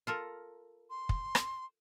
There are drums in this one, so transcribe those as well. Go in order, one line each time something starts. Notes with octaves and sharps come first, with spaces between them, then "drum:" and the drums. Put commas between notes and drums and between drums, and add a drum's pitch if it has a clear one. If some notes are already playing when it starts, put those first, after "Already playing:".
F4 A4 A#4
C6
drum: kick
drum: rim click